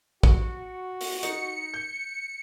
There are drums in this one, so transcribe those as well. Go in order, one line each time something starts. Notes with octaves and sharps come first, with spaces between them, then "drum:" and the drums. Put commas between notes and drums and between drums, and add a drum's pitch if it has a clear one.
F#4 C#7, drum: kick
drum: open hi-hat
D#4 C#7, drum: hi-hat
G6